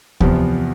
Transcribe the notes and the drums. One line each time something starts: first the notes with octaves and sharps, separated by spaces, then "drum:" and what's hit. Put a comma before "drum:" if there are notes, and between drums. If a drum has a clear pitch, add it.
E2 C3 F3 B3, drum: kick